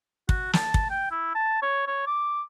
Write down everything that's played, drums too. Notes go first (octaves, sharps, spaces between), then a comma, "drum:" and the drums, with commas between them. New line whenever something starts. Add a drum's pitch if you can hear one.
F#4, drum: kick
A5, drum: snare
drum: kick
G5
E4
A5
C#5
C#5
D6